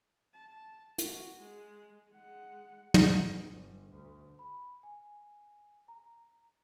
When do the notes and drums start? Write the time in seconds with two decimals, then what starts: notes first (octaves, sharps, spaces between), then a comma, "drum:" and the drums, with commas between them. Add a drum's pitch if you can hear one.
0.33 A5
0.98 F#4, drum: hi-hat
1.40 G#3
2.10 G#3 F#5
2.94 drum: tom
3.06 B3
3.44 G1
3.92 D2
4.39 B5
4.83 G#5
5.88 A#5